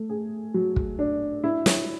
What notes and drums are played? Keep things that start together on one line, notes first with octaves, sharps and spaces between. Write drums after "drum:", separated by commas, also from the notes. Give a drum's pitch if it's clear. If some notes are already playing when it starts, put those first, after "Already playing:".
Already playing: A3
G#4
F#3
drum: kick
D4
E4
drum: snare